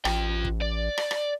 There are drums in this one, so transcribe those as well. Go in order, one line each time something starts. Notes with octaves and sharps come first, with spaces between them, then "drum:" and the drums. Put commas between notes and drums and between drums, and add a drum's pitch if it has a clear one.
A1 F4 G5, drum: rim click
drum: kick
D5
drum: rim click
drum: rim click